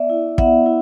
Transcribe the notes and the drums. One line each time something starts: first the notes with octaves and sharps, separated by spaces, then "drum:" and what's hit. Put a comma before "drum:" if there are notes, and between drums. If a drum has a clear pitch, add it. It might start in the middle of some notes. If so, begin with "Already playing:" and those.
Already playing: B3 D5 E5
E4
B3 E5 F#5, drum: kick
E4